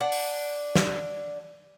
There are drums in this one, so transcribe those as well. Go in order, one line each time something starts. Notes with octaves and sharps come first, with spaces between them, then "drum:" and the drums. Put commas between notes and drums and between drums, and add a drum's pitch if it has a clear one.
D4 F#5
drum: open hi-hat
drum: snare